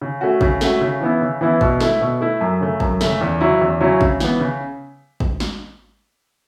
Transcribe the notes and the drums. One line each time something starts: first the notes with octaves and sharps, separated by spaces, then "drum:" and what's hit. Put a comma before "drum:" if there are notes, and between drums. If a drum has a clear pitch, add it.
C#3
A3 C#4 F#4
C#3, drum: kick
A3 C#4 F#4, drum: snare
C#3
E3 B3 E4
C#3
E3 B3 E4
B2, drum: kick
A3 E4, drum: snare
B2
A3 E4
F#2
C#3 A3
F#2, drum: kick
C#3 A3, drum: snare
E2
C#3 F#3 C#4 E4
E2
C#3 F#3 C#4 E4
C#3, drum: kick
E3 B3, drum: snare
C#3
drum: kick
drum: snare